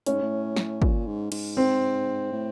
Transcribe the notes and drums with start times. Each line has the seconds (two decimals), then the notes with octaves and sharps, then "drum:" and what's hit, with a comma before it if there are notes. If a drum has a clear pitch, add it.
0.06 A2 C#4, drum: hi-hat
0.14 G#2
0.22 A2
0.56 drum: snare
0.82 A#2, drum: kick
1.07 G#2
1.32 G#2, drum: cymbal
1.57 C4
2.32 A2